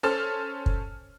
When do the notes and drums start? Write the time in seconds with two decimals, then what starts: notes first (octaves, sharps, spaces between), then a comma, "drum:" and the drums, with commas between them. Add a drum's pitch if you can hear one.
0.03 C#4 A4 C5 A5 F6
0.66 drum: kick